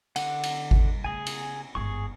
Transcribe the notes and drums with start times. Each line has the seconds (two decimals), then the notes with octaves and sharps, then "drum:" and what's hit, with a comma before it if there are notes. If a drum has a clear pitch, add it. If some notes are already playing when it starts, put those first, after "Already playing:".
0.16 D3 F#5, drum: cymbal
0.43 drum: cymbal
0.71 drum: kick G#1
1.04 C#3 A3 G#4 G#5
1.27 drum: cymbal
1.75 G1 G#2 G#4 C#6